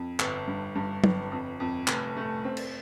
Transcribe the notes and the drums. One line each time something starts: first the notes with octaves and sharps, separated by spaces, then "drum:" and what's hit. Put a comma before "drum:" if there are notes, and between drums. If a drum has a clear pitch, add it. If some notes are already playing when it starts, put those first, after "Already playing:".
Already playing: F2
G1, drum: clap
G2
G2
G1, drum: tom
F2
F2
F1, drum: clap
A3
C4
drum: cymbal